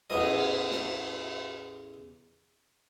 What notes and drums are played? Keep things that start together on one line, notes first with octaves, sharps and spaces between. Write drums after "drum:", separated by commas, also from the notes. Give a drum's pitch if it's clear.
A1 E2 B3 E4 D#5, drum: cymbal
drum: snare